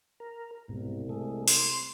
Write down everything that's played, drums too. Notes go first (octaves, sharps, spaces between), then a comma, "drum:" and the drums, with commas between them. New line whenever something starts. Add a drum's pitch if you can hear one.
A#4
C2 G#2 B2
G#3 A3
C6, drum: open hi-hat